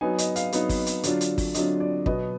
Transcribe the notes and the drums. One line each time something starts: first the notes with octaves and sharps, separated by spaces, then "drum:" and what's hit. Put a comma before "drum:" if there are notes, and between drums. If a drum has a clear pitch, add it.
F#3 B3 D#4 G#5
D#5, drum: hi-hat
F5, drum: hi-hat
F#3 B3 D#4, drum: hi-hat
drum: kick, open hi-hat
drum: hi-hat
D3 F#3 D4 F4, drum: hi-hat
drum: hi-hat
drum: kick, open hi-hat
D3 F#3 D4 F4 D#5, drum: hi-hat
D5
B2 F#3 B3 D#5, drum: kick